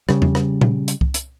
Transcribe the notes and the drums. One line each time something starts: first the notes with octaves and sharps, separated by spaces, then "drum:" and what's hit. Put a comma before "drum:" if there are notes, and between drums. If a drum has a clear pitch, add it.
C#3 G3, drum: rim click
drum: tom E2
drum: rim click
drum: tom A#2
drum: hi-hat
drum: kick C2
drum: hi-hat